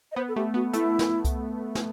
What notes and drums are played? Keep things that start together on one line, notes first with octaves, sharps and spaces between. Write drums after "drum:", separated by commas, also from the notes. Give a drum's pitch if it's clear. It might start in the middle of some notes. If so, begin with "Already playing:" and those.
D#5
B3 C5
A4
A3 G4
B3 F#4
A3 E4, drum: hi-hat
drum: snare
drum: kick C2, hi-hat
drum: snare